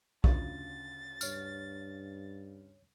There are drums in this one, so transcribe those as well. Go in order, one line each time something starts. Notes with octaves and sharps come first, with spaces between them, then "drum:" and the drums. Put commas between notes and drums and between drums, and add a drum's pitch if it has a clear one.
D2 C#3 F4 A6, drum: kick
G2 C#5 F6, drum: tambourine